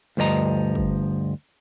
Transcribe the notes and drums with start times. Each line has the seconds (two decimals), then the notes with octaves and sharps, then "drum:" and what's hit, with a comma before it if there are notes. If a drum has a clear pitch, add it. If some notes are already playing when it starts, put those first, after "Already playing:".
0.17 D2 G2 F3 D#5 A#5
0.75 drum: kick